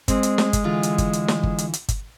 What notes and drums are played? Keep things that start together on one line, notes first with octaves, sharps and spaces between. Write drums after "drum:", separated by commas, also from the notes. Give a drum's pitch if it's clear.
G#3 C4, drum: kick G1, hi-hat
drum: hi-hat
drum: snare
drum: kick G1, hi-hat
D3 E3 F4
drum: hi-hat
drum: kick G1, hi-hat
drum: hi-hat
drum: snare
drum: kick G1
drum: hi-hat
drum: hi-hat
drum: kick G1, hi-hat